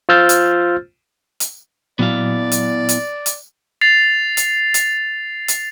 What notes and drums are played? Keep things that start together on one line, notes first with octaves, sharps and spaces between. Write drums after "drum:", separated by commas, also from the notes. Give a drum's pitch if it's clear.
F4 C5 E6 F6 G6 A6
drum: hi-hat
drum: hi-hat
A#2 F#3 B3 E4 D5 F5
drum: hi-hat
drum: hi-hat
drum: hi-hat
A6 C7 F7
drum: hi-hat
drum: hi-hat
drum: hi-hat